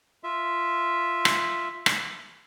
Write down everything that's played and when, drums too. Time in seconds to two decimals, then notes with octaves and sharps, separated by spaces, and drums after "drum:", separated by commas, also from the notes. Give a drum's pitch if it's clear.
0.24 F4 E5
1.25 drum: rim click
1.86 drum: rim click